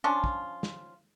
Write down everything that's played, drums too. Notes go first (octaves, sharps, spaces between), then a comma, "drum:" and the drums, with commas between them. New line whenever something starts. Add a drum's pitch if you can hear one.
F3 C#4 D4 F4
drum: kick
drum: snare